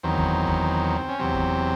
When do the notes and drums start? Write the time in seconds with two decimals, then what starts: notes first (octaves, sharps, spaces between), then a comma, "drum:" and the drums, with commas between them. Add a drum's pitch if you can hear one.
0.03 E2 D#3 F#3 C4
0.18 drum: kick
0.47 drum: kick
1.09 C#4
1.19 E2 C3 F#3 C4
1.34 drum: kick